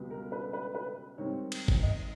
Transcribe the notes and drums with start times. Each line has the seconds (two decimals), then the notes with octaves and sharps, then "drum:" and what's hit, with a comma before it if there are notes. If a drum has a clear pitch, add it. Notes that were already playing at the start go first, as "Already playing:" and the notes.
Already playing: C#2 B2 G3 B3
0.11 A#4
0.32 B4
0.53 B4
0.75 B4
1.18 G#2 D#3 G3 C4 C#5
1.52 drum: cymbal
1.68 drum: kick G#1
1.83 D#5